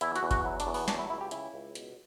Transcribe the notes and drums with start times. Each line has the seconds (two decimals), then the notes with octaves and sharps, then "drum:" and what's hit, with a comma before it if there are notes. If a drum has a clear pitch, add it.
0.01 E2 E4, drum: hi-hat
0.16 F#4, drum: hi-hat
0.23 E2
0.31 F#4, drum: kick G1, hi-hat
0.45 F#3 E4
0.60 D4, drum: hi-hat
0.67 E2
0.74 B3, drum: open hi-hat
0.88 F#3 D4, drum: snare
0.99 E4
1.10 C#2 E4
1.21 G4
1.31 C#3 E4, drum: hi-hat
1.54 C#2
1.75 B2, drum: hi-hat